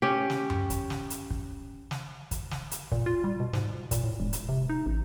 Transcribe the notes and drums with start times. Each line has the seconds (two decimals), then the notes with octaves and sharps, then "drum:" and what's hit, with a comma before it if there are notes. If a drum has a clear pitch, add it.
0.02 C#4 G4
0.30 drum: snare
0.50 drum: tom F#2
0.70 drum: kick, hi-hat
0.90 drum: snare
1.10 drum: hi-hat
1.30 drum: kick
1.91 drum: snare
2.31 drum: kick, hi-hat
2.51 drum: snare
2.71 drum: hi-hat
2.92 A#2, drum: kick
3.06 F4
3.24 G3
3.40 B2
3.53 G#2, drum: snare
3.91 A#2, drum: kick, hi-hat
4.04 A2
4.20 E1
4.33 drum: hi-hat
4.49 C3
4.69 D#4
4.86 A1